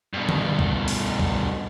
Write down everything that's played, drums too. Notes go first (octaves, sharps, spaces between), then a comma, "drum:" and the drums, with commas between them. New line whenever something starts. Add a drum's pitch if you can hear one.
G2 B2
drum: tom D3
drum: kick
drum: open hi-hat
drum: kick